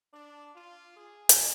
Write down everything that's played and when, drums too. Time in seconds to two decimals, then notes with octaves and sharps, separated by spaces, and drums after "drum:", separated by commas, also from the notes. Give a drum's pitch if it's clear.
0.13 D4
0.55 F4
0.97 G#4
1.29 drum: hi-hat